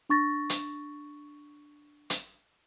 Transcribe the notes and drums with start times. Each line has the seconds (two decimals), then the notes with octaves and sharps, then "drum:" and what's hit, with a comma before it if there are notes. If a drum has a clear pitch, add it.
0.09 D4 C#6 A6 A#6
0.50 drum: hi-hat
2.10 drum: hi-hat